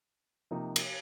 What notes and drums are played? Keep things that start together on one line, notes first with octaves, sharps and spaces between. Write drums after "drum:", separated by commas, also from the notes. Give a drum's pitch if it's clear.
C3 F3 A#3 D#4
drum: cymbal